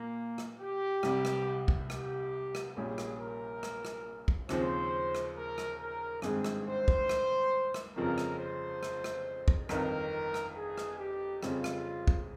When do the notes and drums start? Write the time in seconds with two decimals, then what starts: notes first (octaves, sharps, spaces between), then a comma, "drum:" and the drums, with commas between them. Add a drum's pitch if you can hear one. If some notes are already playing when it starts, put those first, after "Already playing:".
Already playing: A#2 A#3
0.38 drum: rim click
0.60 G4
1.03 C2 C3 G3, drum: rim click
1.25 drum: rim click
1.68 drum: kick
1.90 G4, drum: rim click
2.55 drum: rim click
2.76 A#1 A#2 G3 C#4 G4 G#4
2.98 drum: rim click
3.20 A#4
3.63 drum: rim click
3.85 drum: rim click
4.28 drum: kick
4.49 D#2 C#3 F3 C4 C5, drum: rim click
5.15 drum: rim click
5.36 A#4
5.58 drum: rim click
5.80 A#4
6.22 G#1 G2 D#3 G#3 C4 G#4, drum: rim click
6.44 drum: rim click
6.66 C5
6.88 drum: kick
7.09 drum: rim click
7.74 drum: rim click
7.96 G1 F2 C#3 F3 C4 A#4
8.18 drum: rim click
8.39 C5
8.83 drum: rim click
9.04 drum: rim click
9.48 drum: kick
9.69 G1 F2 D#3 A#4, drum: rim click
10.34 drum: rim click
10.56 G#4
10.78 drum: rim click
10.99 G4
11.43 F2 C#3 G3 C4 F4, drum: rim click
11.64 drum: rim click
12.07 drum: kick